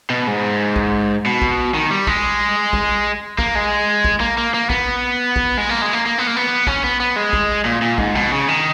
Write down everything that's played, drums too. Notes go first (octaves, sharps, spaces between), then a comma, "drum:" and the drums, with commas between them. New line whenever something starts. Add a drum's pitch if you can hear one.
B2
G#2
drum: kick
B2
drum: kick
D#3
G3
G#3, drum: kick
drum: kick
A#3, drum: kick
G#3
drum: kick
A#3
A#3
A#3
B3, drum: kick
drum: kick
G#3
A#3
G#3
A#3
A#3
B3
A#3
B3
C#4, drum: kick
B3
B3
G#3
drum: kick
A#2
A#2
G#2, drum: kick
B2
C#3
D#3